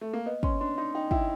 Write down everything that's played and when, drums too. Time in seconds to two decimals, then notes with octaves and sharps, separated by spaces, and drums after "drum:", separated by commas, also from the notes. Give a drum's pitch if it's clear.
0.01 A3
0.13 A#3
0.26 B3 D#5
0.43 C#4 C6, drum: kick
0.61 D4 C6
0.78 D#4 C6
0.95 D#4 G5
1.11 E4 G5, drum: kick